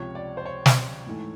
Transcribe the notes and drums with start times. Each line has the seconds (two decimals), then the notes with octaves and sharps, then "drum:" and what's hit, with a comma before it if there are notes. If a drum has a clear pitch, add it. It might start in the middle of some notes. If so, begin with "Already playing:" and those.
Already playing: C#2 C3 F3 C#5
0.15 D5
0.37 C5
0.46 C#5
0.66 drum: snare
1.06 G#2 E3 A3